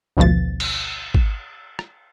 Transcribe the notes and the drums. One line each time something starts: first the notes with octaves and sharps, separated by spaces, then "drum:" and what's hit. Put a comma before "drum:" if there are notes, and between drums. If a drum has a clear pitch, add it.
A1 D2 B2 F3 A6
drum: cymbal
drum: kick G#1
drum: rim click